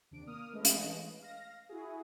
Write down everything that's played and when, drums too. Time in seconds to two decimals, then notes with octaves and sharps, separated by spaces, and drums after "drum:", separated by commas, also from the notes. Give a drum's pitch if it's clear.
0.11 D#2 C3 D4 D7
0.27 A#3 D#6 F6
0.52 E3 G#3 A3 C#4 B4 D#5
0.65 drum: hi-hat
1.22 F5 A#6
1.69 E4 F#4 G#4